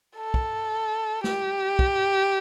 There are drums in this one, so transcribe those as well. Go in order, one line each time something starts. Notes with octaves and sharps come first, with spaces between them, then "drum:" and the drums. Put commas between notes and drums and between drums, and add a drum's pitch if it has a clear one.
A4
drum: kick
G4, drum: snare
drum: kick